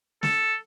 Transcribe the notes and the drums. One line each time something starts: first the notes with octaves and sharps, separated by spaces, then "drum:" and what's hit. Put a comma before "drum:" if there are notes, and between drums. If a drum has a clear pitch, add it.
A4, drum: snare